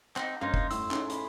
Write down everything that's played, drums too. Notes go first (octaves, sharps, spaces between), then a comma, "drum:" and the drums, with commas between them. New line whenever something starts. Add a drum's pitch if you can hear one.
C4 D#4 F#5, drum: clap
G2 A#3 C#4 D#4 C5 E5 F5
drum: kick F1
A2 E6, drum: hi-hat
A2 C#4 D#4 G#4, drum: clap
B5, drum: hi-hat